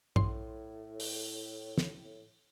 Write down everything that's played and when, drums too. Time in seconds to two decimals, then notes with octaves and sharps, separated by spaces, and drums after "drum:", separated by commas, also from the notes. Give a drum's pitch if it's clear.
0.16 A#1 A2 C6, drum: tom
1.00 drum: open hi-hat
1.78 drum: snare